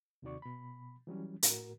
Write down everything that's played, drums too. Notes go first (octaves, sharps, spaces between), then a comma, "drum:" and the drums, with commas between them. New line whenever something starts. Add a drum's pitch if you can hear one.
D#2 C3 D#3 F#4 D5 C#6
B2 B5
E3 F#3 G3 C#4
A2 F#4 A#4, drum: hi-hat